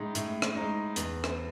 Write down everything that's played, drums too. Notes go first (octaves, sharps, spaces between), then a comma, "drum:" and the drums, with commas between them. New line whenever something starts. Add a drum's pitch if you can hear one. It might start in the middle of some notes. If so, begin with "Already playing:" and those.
Already playing: A2 G#3 D#4
A2, drum: hi-hat
drum: rim click
D#4
G#3
E2, drum: hi-hat
drum: rim click